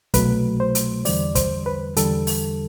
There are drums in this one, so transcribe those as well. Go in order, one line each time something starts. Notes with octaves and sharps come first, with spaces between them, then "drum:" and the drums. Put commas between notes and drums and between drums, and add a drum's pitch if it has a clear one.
C2 B2 F#3 A3 B4, drum: kick, hi-hat
C5
drum: hi-hat
E2 D3 G3 D5, drum: open hi-hat
C5, drum: kick, hi-hat
B4
E2 D3 G3 A4, drum: hi-hat
drum: open hi-hat